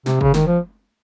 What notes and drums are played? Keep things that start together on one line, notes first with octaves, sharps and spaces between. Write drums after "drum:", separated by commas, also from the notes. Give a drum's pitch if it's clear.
C3, drum: snare
C#3, drum: kick F#1
D#3, drum: snare
F3